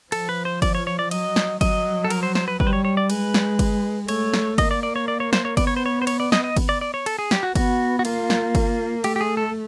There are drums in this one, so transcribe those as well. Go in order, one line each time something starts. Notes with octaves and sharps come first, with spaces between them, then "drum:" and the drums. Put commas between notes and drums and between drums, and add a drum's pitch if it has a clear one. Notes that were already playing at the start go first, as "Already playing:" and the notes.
F3 A4, drum: cymbal
B4
C5
D5, drum: kick G1, cymbal
C#5
C#5
D5
F#3 D#5, drum: cymbal
drum: snare
F#3 D#5, drum: kick G1, cymbal
A4
A#4, drum: cymbal
C5
C5, drum: snare
B4
G3 B4, drum: kick G1
C5
C#5
C#5
D5
G#3 B4, drum: cymbal
drum: snare
drum: kick G1, cymbal
A3 C#5, drum: cymbal
drum: snare
A#3 D#5, drum: kick G1, cymbal
D5
D5
C#5
D5
C#5
C5, drum: snare
C#5
B3 D5, drum: kick G1, cymbal
C#5
C5
C#5
C5
C#5, drum: cymbal
D5
D#5, drum: snare
D#5
drum: kick G1, cymbal
D5
D5
C#5
A4, drum: cymbal
G#4
G4, drum: snare
F#4
B3 F#4, drum: kick G1, cymbal
F#4
A#3 F4, drum: cymbal
drum: snare
drum: kick G1, cymbal
A3 G4, drum: cymbal
G4
G#4
A4